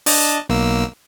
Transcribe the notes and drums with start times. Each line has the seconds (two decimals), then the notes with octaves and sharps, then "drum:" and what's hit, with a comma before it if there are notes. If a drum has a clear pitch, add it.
0.06 D4 D#5 A5, drum: open hi-hat
0.49 B1 A#3 E6